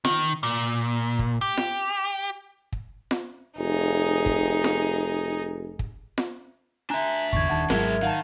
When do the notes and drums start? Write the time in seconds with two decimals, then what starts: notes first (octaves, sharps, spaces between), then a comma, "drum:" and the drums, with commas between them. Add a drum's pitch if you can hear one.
0.05 D#3, drum: snare F4
0.43 A#2
1.19 drum: kick
1.41 G4
1.57 drum: snare F4
2.72 drum: kick
3.11 drum: snare F4
3.59 F1 D#4 G#4
4.26 drum: kick
4.64 drum: snare F4
5.79 drum: kick
6.18 drum: snare F4
6.90 D4 E5 G#5 A#5 F#6
7.33 G#1 E2 D3 C#6 G#6, drum: kick
7.49 D#1 D#3 F#5 A5
7.70 G#1 F#3 G#3 E4 A#4 E5 G#6, drum: snare F4
8.03 D#3 F5 F#5 A5